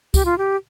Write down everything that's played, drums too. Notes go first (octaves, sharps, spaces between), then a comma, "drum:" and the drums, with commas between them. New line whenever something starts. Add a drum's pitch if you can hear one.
G4, drum: kick, tambourine
F4
G4